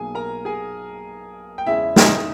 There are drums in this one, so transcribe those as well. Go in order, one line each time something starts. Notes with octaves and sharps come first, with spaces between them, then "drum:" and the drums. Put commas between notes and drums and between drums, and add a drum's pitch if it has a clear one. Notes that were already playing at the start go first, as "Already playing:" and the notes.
Already playing: B1 B2 A#3 G#4 G#5
A#4 A#5
G#4 G#5
G5
E2 C#3 G#3 E4 E5
D#4 D#5, drum: snare